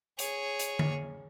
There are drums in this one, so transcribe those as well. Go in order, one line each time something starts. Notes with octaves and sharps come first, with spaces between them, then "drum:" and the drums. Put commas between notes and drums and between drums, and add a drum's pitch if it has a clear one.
G#4 C#5, drum: hi-hat
drum: hi-hat
drum: tom D3